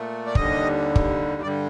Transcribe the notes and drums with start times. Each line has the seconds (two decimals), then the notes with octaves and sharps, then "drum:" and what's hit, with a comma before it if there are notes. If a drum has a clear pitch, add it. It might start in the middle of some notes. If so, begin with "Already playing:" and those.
Already playing: A#2 A3
0.26 D5
0.35 D#2 D3 G3 D#5, drum: kick
0.96 drum: kick
1.42 G2 D3 G3 D5